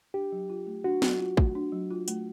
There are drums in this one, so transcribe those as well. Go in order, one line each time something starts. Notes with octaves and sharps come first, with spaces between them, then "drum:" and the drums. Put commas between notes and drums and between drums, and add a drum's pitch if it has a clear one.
D4 G4
F#3
F4
A3
D4 F#4
F#3, drum: snare
F4
A3, drum: kick
D4
F#3
F4
A3, drum: hi-hat